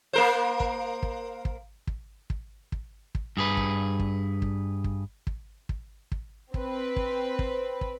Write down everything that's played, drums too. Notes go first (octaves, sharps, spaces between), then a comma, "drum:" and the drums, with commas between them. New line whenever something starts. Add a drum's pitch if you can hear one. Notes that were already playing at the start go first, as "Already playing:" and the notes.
A#3 A#4 C5
drum: kick
drum: kick
drum: kick
drum: kick
drum: kick
drum: kick
drum: kick
G2 G#4 B4
drum: kick
drum: kick
drum: kick
drum: kick
drum: kick
drum: kick
drum: kick
C4 B4, drum: kick
drum: kick
drum: kick
drum: kick